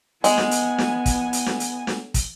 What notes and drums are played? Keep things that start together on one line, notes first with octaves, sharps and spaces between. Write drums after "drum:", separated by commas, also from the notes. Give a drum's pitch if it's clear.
G#3 B3 G#5, drum: hi-hat
drum: snare
drum: hi-hat
drum: snare
drum: kick, hi-hat
drum: hi-hat
drum: snare
drum: hi-hat
drum: snare
drum: kick, hi-hat